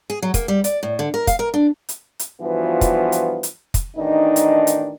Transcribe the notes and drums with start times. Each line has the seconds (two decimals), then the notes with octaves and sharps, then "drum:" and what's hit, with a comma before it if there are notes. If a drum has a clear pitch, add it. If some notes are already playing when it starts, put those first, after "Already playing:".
0.10 G#4
0.22 F#3
0.34 A#3, drum: kick, hi-hat
0.48 G3
0.64 D5, drum: hi-hat
0.83 A2
0.99 D3
1.14 A#4
1.27 F5, drum: kick, hi-hat
1.39 A#4
1.54 D4
1.89 drum: hi-hat
2.19 drum: hi-hat
2.42 G2 E3 F3 B3 F4 F#4
2.81 drum: kick, hi-hat
3.12 drum: hi-hat
3.43 drum: hi-hat
3.74 drum: kick, hi-hat
3.96 A1 D#3 D4 D#4
4.36 drum: hi-hat
4.67 drum: hi-hat